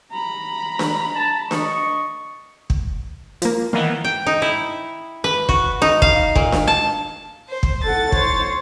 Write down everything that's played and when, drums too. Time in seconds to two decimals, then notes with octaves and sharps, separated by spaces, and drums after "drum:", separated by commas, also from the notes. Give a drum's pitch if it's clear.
0.11 A#5 B5
0.79 drum: snare D4
1.14 A5
1.51 D#5 C#6, drum: snare D4
2.70 drum: kick
3.42 F3 A#3, drum: hi-hat
3.73 D#3 E3 A#3 B3
4.04 G5
4.26 D#4
4.42 E4
5.24 B4
5.49 F#4, drum: kick
5.82 D#4
6.02 F5, drum: kick
6.35 A#2, drum: kick
6.52 drum: snare D4
6.67 A5
7.49 C5
7.63 drum: kick
7.84 A4 F#5 A6
8.12 C5 C#5, drum: kick